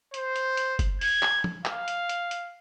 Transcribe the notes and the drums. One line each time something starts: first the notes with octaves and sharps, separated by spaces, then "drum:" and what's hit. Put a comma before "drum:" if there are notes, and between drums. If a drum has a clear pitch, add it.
C5, drum: hi-hat
drum: hi-hat
drum: hi-hat
drum: kick F#1, hi-hat
G#6, drum: open hi-hat
drum: clap
drum: tom
F5, drum: clap
drum: hi-hat
drum: hi-hat
drum: hi-hat